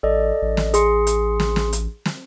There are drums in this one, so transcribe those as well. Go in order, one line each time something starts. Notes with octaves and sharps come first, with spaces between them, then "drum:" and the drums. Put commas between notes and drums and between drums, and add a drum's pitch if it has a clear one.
A1 A4 D5 D#5
A1
drum: snare
G#4 C6 C#7, drum: hi-hat
drum: hi-hat
drum: snare
drum: snare
drum: hi-hat
drum: snare